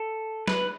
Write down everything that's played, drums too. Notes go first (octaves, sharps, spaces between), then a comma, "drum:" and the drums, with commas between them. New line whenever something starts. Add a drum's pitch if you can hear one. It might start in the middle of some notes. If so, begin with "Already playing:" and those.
Already playing: A4
B4, drum: snare